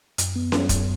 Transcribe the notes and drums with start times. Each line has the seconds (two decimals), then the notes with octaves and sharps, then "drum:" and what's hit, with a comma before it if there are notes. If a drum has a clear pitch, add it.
0.18 F#2, drum: hi-hat
0.35 B3
0.52 F#3, drum: snare C#4
0.69 F#2, drum: kick, hi-hat